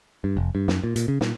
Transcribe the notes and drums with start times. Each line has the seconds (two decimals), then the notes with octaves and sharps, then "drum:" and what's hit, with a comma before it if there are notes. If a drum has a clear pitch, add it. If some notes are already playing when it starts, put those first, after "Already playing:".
0.24 G2
0.37 F1
0.55 G2
0.68 F#2, drum: snare
0.84 A#2
0.96 A#2, drum: hi-hat
1.08 C#3
1.21 A#2, drum: snare